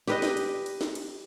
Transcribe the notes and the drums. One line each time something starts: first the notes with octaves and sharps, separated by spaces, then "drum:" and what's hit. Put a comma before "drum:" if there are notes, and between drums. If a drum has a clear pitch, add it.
G4 B4 D#5, drum: snare
drum: snare
drum: cymbal
drum: cymbal
drum: snare
drum: cymbal